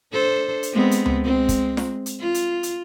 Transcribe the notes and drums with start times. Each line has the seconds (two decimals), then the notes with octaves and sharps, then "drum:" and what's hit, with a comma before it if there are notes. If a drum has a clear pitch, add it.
0.13 D4 A4 C5
0.63 drum: hi-hat
0.72 G#3 B3 C4
0.91 drum: hi-hat
1.06 drum: tom C#2
1.24 G#3 C4
1.49 drum: kick, hi-hat
1.77 drum: snare
2.06 drum: hi-hat
2.20 F4
2.34 drum: hi-hat
2.63 drum: hi-hat